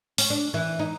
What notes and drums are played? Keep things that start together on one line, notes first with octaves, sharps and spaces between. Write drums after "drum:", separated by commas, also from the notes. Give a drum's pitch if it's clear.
C#4, drum: open hi-hat
D4
E3
D#4